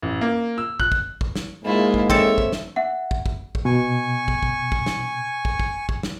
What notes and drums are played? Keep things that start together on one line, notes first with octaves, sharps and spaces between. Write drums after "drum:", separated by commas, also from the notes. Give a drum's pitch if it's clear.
A1
A#3
E6
F#6, drum: kick
drum: kick
drum: kick
drum: snare
G#2 G#3 A#3 E4 F4
drum: kick
C4 A4 C#5 E5, drum: kick
drum: kick
drum: snare
E5 F#5
drum: kick
drum: kick
drum: kick
B2 G#5 C#6
drum: kick
drum: kick
drum: kick
drum: snare
drum: kick
drum: kick
drum: kick
drum: snare